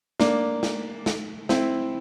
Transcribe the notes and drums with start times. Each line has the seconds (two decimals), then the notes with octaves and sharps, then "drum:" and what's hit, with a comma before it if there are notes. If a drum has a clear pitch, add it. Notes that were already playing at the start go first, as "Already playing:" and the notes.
0.20 A#3 D4, drum: snare
0.63 drum: snare
1.06 drum: snare
1.49 C4 E4, drum: snare